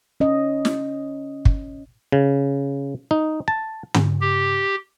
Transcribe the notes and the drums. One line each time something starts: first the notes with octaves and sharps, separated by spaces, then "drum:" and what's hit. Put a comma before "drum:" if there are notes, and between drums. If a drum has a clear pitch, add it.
C#4 D#5
drum: snare
drum: kick
C#3
D#4
A5
drum: tom
G4